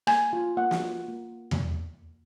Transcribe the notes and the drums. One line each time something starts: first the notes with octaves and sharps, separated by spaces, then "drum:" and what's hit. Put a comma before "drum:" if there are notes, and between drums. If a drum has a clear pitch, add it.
A#3 G#5, drum: rim click
F4
A#3 F#5
drum: snare
F4
A#3
drum: tom E2